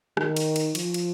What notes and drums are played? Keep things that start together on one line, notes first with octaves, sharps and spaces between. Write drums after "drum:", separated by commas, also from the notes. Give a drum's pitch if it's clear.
D#3, drum: rim click
drum: cymbal
drum: cymbal
F3, drum: cymbal
drum: cymbal